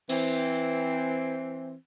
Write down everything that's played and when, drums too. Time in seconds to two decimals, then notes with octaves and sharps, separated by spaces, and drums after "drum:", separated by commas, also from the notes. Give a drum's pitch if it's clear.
0.09 E3 C4, drum: cymbal